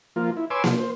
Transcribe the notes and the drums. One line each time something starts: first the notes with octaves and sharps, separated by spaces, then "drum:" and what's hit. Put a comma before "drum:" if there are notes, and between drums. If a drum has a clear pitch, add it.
F3 A#3 F4
E4
B4 C#5 G#5 C6 D6 E6
F3, drum: snare A#3
C5